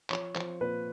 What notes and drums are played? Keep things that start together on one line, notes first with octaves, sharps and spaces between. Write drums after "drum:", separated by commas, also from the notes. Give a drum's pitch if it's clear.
F3 C#5, drum: clap
F3 C5, drum: clap
A#2 B4